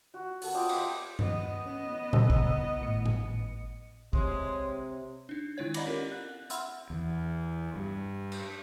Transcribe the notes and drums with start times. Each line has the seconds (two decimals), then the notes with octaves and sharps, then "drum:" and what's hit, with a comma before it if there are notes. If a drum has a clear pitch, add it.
0.14 F#4
0.42 B3 A4 F#5, drum: open hi-hat
0.54 F4 D#5 G5 D6
0.69 C5 E5, drum: cymbal
1.19 B3 D#5, drum: tom G2
1.66 C#4
2.13 C#3 A#5 E6, drum: tom
2.30 drum: kick
2.82 G#1 A2 C#7
3.06 drum: tom A2
4.13 C3 G#3 C#5, drum: kick
5.29 D4 D#4
5.57 D#3 G#3 E4 F4 C#5 G#6
5.74 D5 D#5 A#5 B5 D6 A#6, drum: cymbal
5.86 C#4 F4 G4 A4 A#4
6.12 F#6
6.50 E5 F#5 B5 C6 E6 F6, drum: hi-hat
6.90 E2
7.76 G2
8.32 drum: cymbal